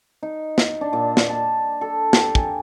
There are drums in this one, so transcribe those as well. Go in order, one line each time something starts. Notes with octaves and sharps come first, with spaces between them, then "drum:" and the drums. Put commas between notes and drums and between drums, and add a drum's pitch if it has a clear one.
D#4
drum: snare
D4
A#2
drum: snare
A5
A4
G4, drum: snare
G#5, drum: kick